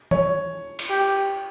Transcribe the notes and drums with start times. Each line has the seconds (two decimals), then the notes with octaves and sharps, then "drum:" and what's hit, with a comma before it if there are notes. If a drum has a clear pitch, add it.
0.11 C#5, drum: tom
0.79 drum: cymbal
0.90 G4